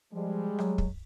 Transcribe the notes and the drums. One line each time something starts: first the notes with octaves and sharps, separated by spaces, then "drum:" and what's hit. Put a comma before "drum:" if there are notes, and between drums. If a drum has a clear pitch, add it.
F3 G3 G#3
F#3, drum: rim click
drum: kick